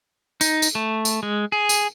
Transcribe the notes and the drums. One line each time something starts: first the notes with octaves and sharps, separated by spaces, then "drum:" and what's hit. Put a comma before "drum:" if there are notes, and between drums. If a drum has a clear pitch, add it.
D#4, drum: tambourine
drum: tambourine
A3
drum: tambourine
G#3
G#4
drum: tambourine